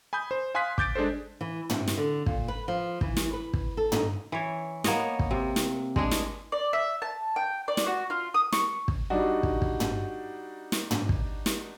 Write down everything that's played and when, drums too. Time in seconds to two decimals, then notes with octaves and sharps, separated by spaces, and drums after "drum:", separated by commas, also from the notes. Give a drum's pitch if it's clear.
0.13 G#5 B5 D#6 G6
0.31 C5
0.55 F5 G#5 C6 D#6 F#6 B6
0.78 D6 G6 A6 D7, drum: kick
0.95 G#3 D4 G#4 A4 C5
1.41 E3
1.70 C3, drum: tom
1.88 drum: snare
1.97 D3
2.26 A#2, drum: kick
2.48 B4
2.68 F3
3.01 E3, drum: kick
3.17 drum: snare
3.33 B4
3.53 drum: kick
3.77 A4
3.92 D#4, drum: tom
4.32 E3 C#5
4.84 A#3 B3 C#5 D#5, drum: snare
5.19 drum: kick
5.31 C3
5.56 drum: snare
5.96 G#3 D4 G#4, drum: kick
6.12 drum: snare
6.52 D5
6.73 E5
7.02 A5
7.36 G5
7.68 D5
7.77 drum: snare
7.86 F#4
8.10 F4
8.34 D#6
8.53 C#6, drum: snare
8.88 drum: kick
9.10 G3 D4 D#4 F#4
9.43 drum: kick
9.62 drum: kick
9.80 drum: tom
10.72 drum: snare
10.91 drum: tom
11.09 drum: kick
11.46 drum: snare